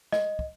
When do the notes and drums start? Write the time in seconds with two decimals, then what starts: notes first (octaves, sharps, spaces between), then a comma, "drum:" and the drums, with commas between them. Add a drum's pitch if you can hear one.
0.12 D#5, drum: snare
0.39 drum: kick